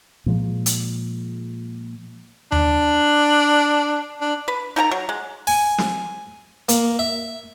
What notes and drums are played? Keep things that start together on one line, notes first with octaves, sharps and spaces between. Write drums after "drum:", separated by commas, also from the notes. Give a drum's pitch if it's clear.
A#2 F3 G#3
drum: hi-hat
D4, drum: tom D#2
D4
B4
D#4 A4 G5 A#5
F#3
G#3
G#5, drum: open hi-hat
drum: snare
A#3, drum: hi-hat
E5